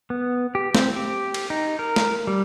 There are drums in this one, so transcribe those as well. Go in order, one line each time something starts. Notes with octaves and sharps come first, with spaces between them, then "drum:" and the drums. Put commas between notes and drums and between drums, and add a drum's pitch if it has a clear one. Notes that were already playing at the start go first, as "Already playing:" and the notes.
B3
G4
C4, drum: snare
G4
drum: cymbal
D#4
A#4
drum: snare
G3